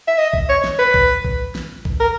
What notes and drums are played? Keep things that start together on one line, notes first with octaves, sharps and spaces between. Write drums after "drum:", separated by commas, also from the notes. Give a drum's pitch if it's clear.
E5
D#5
drum: kick A#1
C#5
drum: snare
B4
drum: kick A#1
drum: kick A#1
drum: snare
drum: kick A#1
A#4